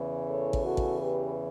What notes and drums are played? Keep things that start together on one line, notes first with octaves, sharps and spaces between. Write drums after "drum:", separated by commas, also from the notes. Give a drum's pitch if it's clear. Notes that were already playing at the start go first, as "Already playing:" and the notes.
Already playing: E2 C#3 E3
A4 C#5
drum: kick A1
F#4 A4
drum: kick A1
G4 B4